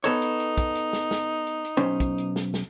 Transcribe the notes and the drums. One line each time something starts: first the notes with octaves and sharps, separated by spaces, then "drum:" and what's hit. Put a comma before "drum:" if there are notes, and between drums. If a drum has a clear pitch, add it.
B3 D#4 A4 C#5, drum: hi-hat
drum: hi-hat
drum: hi-hat
drum: kick, hi-hat
drum: hi-hat
drum: snare
drum: snare
drum: hi-hat
drum: hi-hat
B1 C#4 C5
drum: kick, hi-hat
drum: hi-hat
drum: snare
drum: snare